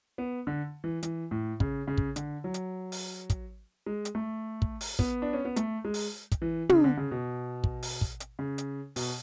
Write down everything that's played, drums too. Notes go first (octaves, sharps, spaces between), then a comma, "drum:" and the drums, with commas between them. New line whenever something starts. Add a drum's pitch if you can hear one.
B3
D3
E3
E3, drum: hi-hat
A2
C#3, drum: kick
C#3
drum: kick
D3, drum: hi-hat
F#3
drum: hi-hat
drum: open hi-hat
drum: kick, hi-hat
G#3
drum: hi-hat
A3
drum: kick
drum: open hi-hat
B3, drum: kick
D4
C#4
B3
A3, drum: hi-hat
G#3
drum: open hi-hat
drum: kick, hi-hat
E3
C#3, drum: tom
D3
C#3
B2
drum: kick
drum: open hi-hat
drum: kick
drum: hi-hat
C#3
drum: hi-hat
B2, drum: open hi-hat